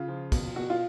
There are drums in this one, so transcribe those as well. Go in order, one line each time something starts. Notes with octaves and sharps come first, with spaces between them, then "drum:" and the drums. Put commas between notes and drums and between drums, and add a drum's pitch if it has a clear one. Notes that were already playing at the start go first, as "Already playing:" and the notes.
Already playing: C#3 F4
F3
B2, drum: kick, cymbal
B2 F#4
F4